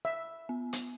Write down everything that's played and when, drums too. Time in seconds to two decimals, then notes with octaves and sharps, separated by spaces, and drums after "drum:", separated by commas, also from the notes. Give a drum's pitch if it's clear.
0.05 E5
0.49 B3
0.73 drum: hi-hat